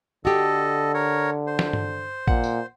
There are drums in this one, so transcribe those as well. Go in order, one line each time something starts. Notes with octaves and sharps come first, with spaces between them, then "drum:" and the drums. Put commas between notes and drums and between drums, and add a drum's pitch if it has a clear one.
D3 F#4 G4 A4 D#5
A#4 C#5
C5
drum: snare
drum: tom G2
A#2 F#5, drum: kick
drum: tambourine